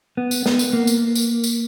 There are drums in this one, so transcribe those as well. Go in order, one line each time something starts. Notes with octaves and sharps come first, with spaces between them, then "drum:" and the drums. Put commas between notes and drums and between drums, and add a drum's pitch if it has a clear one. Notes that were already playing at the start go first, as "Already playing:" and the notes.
B3
drum: tambourine
B3, drum: snare
drum: tambourine
A#3
drum: tambourine
drum: tambourine
drum: tambourine